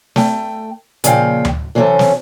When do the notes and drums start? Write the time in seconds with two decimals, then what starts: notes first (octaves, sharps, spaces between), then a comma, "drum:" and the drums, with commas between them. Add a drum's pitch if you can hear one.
0.16 A3 G5, drum: snare
1.04 A#2 C#3 F3 F4 F5 G5, drum: hi-hat
1.45 drum: tom D2
1.75 C3 E3 F#3 C#4 A4 C5
1.99 drum: snare